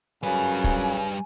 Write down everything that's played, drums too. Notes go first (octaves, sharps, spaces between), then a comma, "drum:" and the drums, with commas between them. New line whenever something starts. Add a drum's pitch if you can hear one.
F#2 C#3 G3 B4 G#5
drum: kick